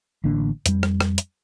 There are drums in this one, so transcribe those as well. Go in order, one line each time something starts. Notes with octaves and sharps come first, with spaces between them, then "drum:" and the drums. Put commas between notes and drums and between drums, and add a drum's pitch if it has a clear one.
A1 D3 A#3 D4
F2 G3, drum: hi-hat
drum: rim click
drum: rim click
drum: hi-hat